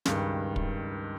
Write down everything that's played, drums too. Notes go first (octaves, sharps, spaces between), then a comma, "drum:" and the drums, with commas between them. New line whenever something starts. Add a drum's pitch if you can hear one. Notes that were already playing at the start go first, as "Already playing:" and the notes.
C#2 G2 D#3, drum: snare
drum: kick